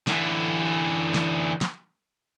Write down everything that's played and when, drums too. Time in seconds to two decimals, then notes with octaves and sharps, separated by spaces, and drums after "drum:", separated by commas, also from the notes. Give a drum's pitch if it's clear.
0.07 D3 E3, drum: snare
1.14 drum: snare
1.61 drum: snare